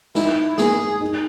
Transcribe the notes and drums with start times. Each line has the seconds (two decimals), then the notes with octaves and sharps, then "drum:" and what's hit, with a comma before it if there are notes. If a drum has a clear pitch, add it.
0.15 D#4 E4, drum: snare
0.58 A#3 G#4, drum: snare
1.01 D#4